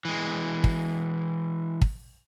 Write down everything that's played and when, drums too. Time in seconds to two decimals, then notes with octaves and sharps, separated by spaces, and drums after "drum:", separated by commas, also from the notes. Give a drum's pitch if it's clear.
0.05 E3 G#3
0.64 drum: kick
1.81 drum: kick